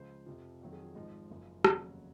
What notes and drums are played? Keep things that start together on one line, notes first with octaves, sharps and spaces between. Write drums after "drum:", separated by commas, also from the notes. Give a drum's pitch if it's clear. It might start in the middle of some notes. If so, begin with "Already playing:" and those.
Already playing: C#2 C#3 F3 C5
F2 C3 F3
F2 D#3 F#3
G#4
F4
G#1 G#2 F3 D#4
F#1 F#2 F3
F1 D#2 C#3 F#3, drum: rim click